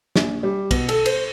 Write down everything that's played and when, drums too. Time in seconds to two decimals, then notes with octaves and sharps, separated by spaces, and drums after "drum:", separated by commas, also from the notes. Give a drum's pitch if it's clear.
0.16 A#1, drum: snare
0.43 G3
0.71 B2, drum: kick, cymbal
0.89 A4, drum: cymbal
1.06 C5, drum: cymbal